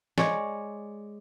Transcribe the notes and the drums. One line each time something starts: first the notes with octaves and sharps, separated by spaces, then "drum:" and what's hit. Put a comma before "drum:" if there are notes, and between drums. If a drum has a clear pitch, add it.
G#3 C#5 D5, drum: snare